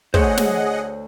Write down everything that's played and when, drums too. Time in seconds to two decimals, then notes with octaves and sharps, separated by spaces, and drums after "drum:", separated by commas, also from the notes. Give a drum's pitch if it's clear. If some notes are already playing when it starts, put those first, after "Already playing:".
0.14 D2 A3 G#4 C5 C#5 D#5 F#5, drum: kick
0.37 drum: snare